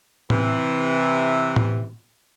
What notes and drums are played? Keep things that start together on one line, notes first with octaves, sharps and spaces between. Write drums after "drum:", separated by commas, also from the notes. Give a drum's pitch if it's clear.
C3 E3, drum: tom A2
drum: tom A2